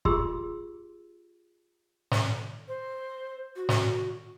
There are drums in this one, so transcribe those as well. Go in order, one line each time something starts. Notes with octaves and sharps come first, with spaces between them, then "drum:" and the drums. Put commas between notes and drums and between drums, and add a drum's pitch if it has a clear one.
F4 G4 G#4 C6 E6, drum: kick
drum: snare
C5
F#4
drum: snare